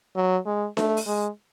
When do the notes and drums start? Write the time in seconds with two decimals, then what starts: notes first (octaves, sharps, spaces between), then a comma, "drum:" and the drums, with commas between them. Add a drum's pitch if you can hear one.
0.16 F#3
0.46 G#3
0.77 A3, drum: snare D4
0.97 drum: open hi-hat
1.07 G#3